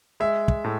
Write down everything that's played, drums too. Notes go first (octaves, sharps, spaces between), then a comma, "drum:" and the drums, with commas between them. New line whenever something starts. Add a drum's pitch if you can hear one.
G#3 E5
drum: kick
A2